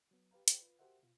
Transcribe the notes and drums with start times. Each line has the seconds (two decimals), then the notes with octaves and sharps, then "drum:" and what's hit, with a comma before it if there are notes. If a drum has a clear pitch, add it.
0.11 F#3 B3
0.31 G4 B4 F5 A#5
0.48 F#4 A4 C5 D5 G5, drum: hi-hat
0.60 F4 B4
0.79 F#4 G4 A#4 C5 E5 F#5
1.03 B2 F4